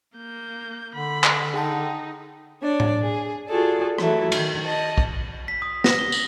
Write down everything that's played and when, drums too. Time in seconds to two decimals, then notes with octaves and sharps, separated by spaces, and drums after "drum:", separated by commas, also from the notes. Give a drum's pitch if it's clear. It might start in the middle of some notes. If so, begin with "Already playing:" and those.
0.16 A#3 G6
0.96 D3 B5
1.24 drum: clap
1.54 D#4 G#4 G5 A5
2.62 D4 C#5 D5
2.80 drum: tom A2
3.00 G#4
3.47 F4 F#4 G#4 A4 D5
3.98 E3 F#3 A3 E4, drum: rim click
4.32 D#3, drum: cymbal
4.64 D#5 A5
4.98 drum: kick B1
5.48 B6
5.62 D#6
5.84 A#6, drum: snare
5.99 G7
6.12 F#7, drum: tambourine